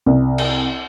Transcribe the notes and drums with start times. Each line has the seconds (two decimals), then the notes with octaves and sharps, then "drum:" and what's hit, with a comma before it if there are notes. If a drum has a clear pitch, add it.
0.06 C2
0.38 drum: cymbal